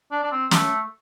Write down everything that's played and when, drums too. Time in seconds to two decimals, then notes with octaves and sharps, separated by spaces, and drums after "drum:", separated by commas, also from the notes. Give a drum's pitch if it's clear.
0.11 D4
0.23 D4
0.32 C4
0.51 A3, drum: snare